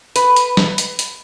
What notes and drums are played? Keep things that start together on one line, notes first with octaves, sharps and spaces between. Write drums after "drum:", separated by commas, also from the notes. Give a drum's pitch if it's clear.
B4, drum: hi-hat
drum: hi-hat
drum: snare
drum: hi-hat
drum: hi-hat